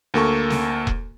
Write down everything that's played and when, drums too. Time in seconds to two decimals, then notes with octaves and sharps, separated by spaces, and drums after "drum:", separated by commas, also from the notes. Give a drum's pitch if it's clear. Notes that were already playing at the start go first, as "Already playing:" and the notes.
0.14 D2 A#3 A4 C#6
0.50 drum: snare
0.87 drum: kick E1